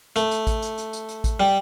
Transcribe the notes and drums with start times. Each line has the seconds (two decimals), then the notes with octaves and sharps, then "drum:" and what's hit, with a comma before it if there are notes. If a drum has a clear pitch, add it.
0.16 A3, drum: hi-hat
0.31 drum: hi-hat
0.47 drum: kick A1, hi-hat
0.62 drum: hi-hat
0.78 drum: hi-hat
0.93 drum: hi-hat
1.09 drum: hi-hat
1.24 drum: kick A1, hi-hat
1.40 G3